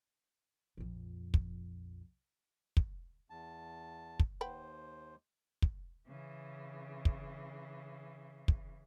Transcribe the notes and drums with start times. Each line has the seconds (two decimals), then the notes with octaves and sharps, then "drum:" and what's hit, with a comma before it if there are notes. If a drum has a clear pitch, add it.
0.77 A#1 F2
1.34 drum: kick
2.77 drum: kick
3.30 E2 A5
4.20 drum: kick
4.41 D#2 B4 C5 F#5 G5
5.62 drum: kick
6.08 C#3 E3
7.05 drum: kick
8.48 drum: kick